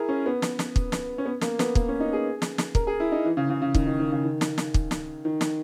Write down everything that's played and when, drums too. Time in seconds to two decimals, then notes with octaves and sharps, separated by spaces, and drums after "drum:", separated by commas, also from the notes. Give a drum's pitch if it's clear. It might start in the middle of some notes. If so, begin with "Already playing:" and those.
Already playing: E4 G#4 A#4
0.09 C#4
0.26 B3
0.42 drum: snare
0.59 drum: snare
0.76 drum: kick
0.92 drum: snare
1.18 C#4
1.26 B3
1.42 A#3, drum: snare
1.59 B3, drum: snare
1.75 A#3, drum: kick
1.88 C#4
2.00 D#4
2.13 G#4
2.42 drum: snare
2.58 drum: snare
2.75 A#4, drum: kick
2.87 G#4
3.00 E4
3.12 D#4
3.25 E3
3.37 C#3
3.50 C#3
3.62 C#3
3.75 D#3, drum: kick
3.87 D#3
4.00 D#3
4.12 C#3
4.25 D#3
4.41 drum: snare
4.58 drum: snare
4.74 drum: kick
4.91 drum: snare
5.25 D#3
5.41 drum: snare